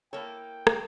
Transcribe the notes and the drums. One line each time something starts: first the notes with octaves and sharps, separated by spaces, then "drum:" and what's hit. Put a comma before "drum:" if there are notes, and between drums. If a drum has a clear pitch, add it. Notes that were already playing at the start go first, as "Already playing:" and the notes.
A#3 E4 A4 A#4 C#5 G5
drum: rim click